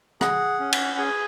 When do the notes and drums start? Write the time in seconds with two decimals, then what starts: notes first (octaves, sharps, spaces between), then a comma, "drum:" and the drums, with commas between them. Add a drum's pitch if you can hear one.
0.21 G#4 F#5, drum: rim click
0.60 C#4
0.73 drum: cymbal
0.98 G#4 G#5